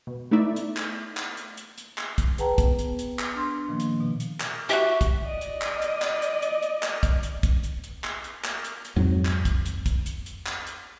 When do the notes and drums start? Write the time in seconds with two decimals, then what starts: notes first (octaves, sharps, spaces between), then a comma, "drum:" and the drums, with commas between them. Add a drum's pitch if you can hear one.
0.07 B2
0.31 A3 B3 D#4 E4 D5 E5
0.56 drum: hi-hat
0.77 drum: clap
1.17 drum: clap
1.37 drum: hi-hat
1.57 drum: hi-hat
1.78 drum: hi-hat
1.98 drum: clap
2.18 drum: kick, hi-hat
2.38 G#4 B4 F#5 G5 A5 A#5, drum: hi-hat
2.58 B3, drum: kick, hi-hat
2.79 drum: hi-hat
2.99 drum: hi-hat
3.19 drum: clap
3.35 D4 C6
3.68 A#2 D#3 F3 A#3
3.80 drum: hi-hat
4.00 B2
4.20 drum: hi-hat
4.40 drum: clap
4.69 F#4 G4 E5
5.01 drum: kick, hi-hat
5.26 D5 D#5
5.41 drum: hi-hat
5.61 drum: clap
5.82 drum: hi-hat
6.02 drum: clap
6.22 drum: hi-hat
6.42 drum: hi-hat
6.62 drum: hi-hat
6.83 drum: clap
7.03 drum: kick, hi-hat
7.23 drum: hi-hat
7.43 drum: kick, hi-hat
7.64 drum: hi-hat
7.84 drum: hi-hat
8.04 drum: clap
8.24 drum: hi-hat
8.44 drum: clap
8.65 drum: hi-hat
8.85 drum: hi-hat
8.96 F2 G#2 F#3
9.25 drum: clap
9.45 drum: kick, hi-hat
9.66 drum: hi-hat
9.86 drum: kick, hi-hat
10.06 drum: hi-hat
10.26 drum: hi-hat
10.46 drum: clap
10.67 drum: hi-hat